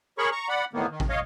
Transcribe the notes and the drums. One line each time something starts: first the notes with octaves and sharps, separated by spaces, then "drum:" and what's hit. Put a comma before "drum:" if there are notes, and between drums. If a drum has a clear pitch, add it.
G#4 A#4 C#5 B5 C#6
A#5 C#6
D5 F#5 B5
E2 A2 D#3 A#3 B3
D#3
drum: kick A1
C#5 D#5 F5